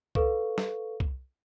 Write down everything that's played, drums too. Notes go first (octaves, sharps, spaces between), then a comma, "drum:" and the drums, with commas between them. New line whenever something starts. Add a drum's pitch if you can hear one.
A4 B4 F5 C#6, drum: kick
drum: snare
drum: kick